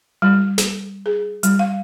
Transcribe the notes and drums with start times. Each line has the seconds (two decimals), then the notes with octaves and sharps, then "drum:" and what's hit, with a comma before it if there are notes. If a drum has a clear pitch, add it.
0.22 G3
0.58 drum: snare
1.06 G#4
1.43 G3, drum: hi-hat
1.59 F5